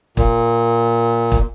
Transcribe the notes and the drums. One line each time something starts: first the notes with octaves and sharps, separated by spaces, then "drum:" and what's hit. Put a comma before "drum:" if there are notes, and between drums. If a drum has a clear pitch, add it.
A#2, drum: kick
drum: kick